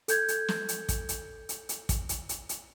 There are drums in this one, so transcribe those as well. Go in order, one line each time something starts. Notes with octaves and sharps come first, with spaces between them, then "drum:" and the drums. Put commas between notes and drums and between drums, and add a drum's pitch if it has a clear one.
A4 G6 G#6, drum: hi-hat
drum: hi-hat
drum: snare
drum: hi-hat
drum: kick, hi-hat
drum: hi-hat
drum: hi-hat
drum: hi-hat
drum: kick, hi-hat
drum: hi-hat
drum: hi-hat
drum: hi-hat